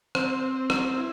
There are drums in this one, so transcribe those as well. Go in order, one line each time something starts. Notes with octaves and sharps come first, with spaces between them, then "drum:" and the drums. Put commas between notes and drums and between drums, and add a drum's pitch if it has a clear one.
C4, drum: rim click
drum: rim click
E4